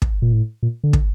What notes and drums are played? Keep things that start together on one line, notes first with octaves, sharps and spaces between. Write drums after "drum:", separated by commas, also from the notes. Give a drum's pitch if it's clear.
drum: kick
A#2
A2
A#2
D3
drum: kick